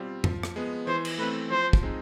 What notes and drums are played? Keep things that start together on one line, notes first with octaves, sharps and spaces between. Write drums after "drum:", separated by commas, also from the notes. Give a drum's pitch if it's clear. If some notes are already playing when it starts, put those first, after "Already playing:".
Already playing: B2 G3 C4 F4
F3, drum: tom F2
drum: rim click
G#3 B3
E3 C5
drum: cymbal
A3 C4 B4
F3 C5
drum: kick
G#3 C4 D#4